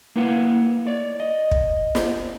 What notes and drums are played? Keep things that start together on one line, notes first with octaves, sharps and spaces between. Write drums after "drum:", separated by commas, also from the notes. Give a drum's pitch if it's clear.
A#3 E4 B4 F5 F#5
C#5 D5
D#5
drum: kick
drum: snare